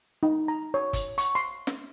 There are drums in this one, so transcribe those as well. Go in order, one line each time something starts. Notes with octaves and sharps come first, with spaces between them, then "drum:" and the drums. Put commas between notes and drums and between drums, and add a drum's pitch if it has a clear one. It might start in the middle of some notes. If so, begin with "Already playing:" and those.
D#4
A#5
C#5
drum: kick G1, hi-hat
C#6, drum: hi-hat
C6
drum: snare